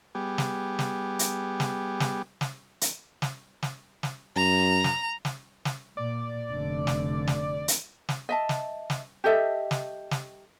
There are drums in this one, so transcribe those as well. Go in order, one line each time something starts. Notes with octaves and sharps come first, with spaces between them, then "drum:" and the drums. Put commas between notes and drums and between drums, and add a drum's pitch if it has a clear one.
G3 B3 G4 G#4
drum: snare
drum: snare
drum: hi-hat
drum: snare
drum: snare
drum: snare
drum: hi-hat
drum: snare
drum: snare
drum: snare
F#2 A#5
drum: snare
drum: snare
drum: snare
A#2 D5
F1 D3
drum: snare
drum: snare
drum: hi-hat
drum: snare
D#5 E5 A5
drum: snare
drum: snare
G4 A4 D#5 E5
drum: snare
drum: snare